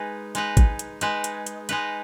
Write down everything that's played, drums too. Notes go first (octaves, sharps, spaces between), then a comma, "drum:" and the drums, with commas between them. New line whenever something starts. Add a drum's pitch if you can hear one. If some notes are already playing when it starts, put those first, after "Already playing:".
Already playing: G#3 D#4 B4
G#3 D#4 B4, drum: hi-hat
drum: kick, hi-hat
drum: hi-hat
G#3 D#4 B4, drum: hi-hat
drum: hi-hat
drum: hi-hat
G#3 D#4 B4, drum: hi-hat